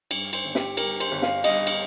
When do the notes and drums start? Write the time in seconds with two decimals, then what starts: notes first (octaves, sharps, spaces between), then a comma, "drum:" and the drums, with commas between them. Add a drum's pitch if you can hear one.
0.11 G2, drum: cymbal
0.33 C5, drum: cymbal
0.45 G1
0.55 G4, drum: snare
0.77 G3 A#4, drum: cymbal
1.00 C5, drum: cymbal
1.11 G1
1.22 F5, drum: snare
1.44 G2 D#5, drum: cymbal
1.67 drum: cymbal